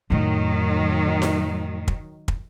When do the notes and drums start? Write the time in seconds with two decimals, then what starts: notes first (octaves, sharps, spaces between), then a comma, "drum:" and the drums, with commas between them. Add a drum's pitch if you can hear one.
0.10 F2 A2 D#3 F#3
1.22 drum: snare D#4
1.88 drum: kick
2.28 drum: kick